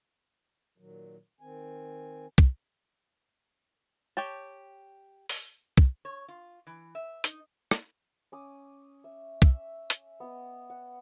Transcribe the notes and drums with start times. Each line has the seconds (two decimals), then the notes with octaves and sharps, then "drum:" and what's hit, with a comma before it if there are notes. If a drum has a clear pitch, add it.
0.78 A#2 D#3 F#3
1.41 D#3 C4 G#5
2.38 drum: kick
4.17 G4 C#5 G5 A5
5.29 drum: open hi-hat
5.77 drum: kick
6.05 C#5
6.28 F4
6.67 E3
6.95 E5
7.24 D#4, drum: hi-hat
7.71 drum: rim click
8.32 C#4 D6 D#6
9.04 E5
9.42 E5, drum: kick
9.90 drum: hi-hat
10.20 B3 D#5
10.70 F#5